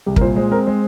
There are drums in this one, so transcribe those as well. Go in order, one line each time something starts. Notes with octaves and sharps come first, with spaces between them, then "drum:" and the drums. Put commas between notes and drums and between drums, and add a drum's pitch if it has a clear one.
C2 G4
A#4, drum: kick
A#2 C5
G#3 C5
C4 A#4
G#3 C5